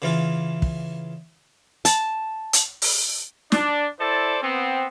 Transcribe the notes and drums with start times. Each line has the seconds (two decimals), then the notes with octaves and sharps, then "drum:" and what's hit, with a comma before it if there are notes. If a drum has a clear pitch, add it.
0.02 C#3 E3 F4
0.62 drum: kick
1.85 A5, drum: hi-hat
2.53 drum: hi-hat
2.82 drum: open hi-hat
3.52 D4, drum: snare
4.00 E4 A4 C5 D5
4.42 B3 C4